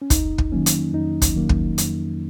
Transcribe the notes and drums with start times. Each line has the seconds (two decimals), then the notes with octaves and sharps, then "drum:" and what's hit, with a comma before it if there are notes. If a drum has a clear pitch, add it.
0.02 C#4
0.10 F2 D#4, drum: kick, hi-hat
0.38 drum: kick
0.52 D#3 F#3 A#3 C#4
0.66 drum: hi-hat
0.93 F2 D#4
1.22 drum: kick, hi-hat
1.36 D#3 F#3 A#3
1.49 drum: kick
1.78 F2, drum: hi-hat